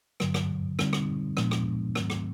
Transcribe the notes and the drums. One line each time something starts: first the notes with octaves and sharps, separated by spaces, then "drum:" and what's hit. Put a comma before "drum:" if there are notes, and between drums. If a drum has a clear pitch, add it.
G2 D3 F#3, drum: rim click
drum: rim click
D3 G3 C4 D#4, drum: rim click
drum: rim click
A#2 F3 G#3 B3 D4, drum: rim click
drum: rim click
G#2 D#3 F#3 A3 C4, drum: rim click
drum: rim click